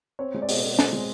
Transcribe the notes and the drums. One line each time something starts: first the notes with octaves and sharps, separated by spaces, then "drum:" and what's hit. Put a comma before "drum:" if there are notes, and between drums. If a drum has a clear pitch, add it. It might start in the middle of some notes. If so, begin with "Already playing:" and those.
C4 C#5
G#3
D5
B2 D#5, drum: open hi-hat
B2
C4, drum: snare
G#3